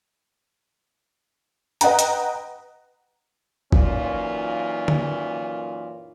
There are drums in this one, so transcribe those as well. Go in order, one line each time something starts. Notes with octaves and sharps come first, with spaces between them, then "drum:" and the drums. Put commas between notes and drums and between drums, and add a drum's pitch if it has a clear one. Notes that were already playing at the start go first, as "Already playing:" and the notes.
B4 D#5 F#5 G5 A#5, drum: hi-hat
drum: hi-hat
F#2 A#2 E3 C#4 D#4 F4, drum: kick
drum: tom D3